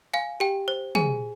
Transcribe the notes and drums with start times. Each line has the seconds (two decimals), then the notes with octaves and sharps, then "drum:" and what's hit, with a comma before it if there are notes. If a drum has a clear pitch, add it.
0.14 F5 G#5
0.40 G4 G5
0.68 C5
0.95 G#4 G#5, drum: tom